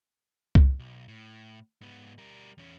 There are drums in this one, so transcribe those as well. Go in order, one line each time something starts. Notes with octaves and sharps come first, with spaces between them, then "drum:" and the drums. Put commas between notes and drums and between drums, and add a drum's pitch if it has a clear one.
drum: kick C2
B1
A2
G#2 B3
G3 A#4
E2 C#4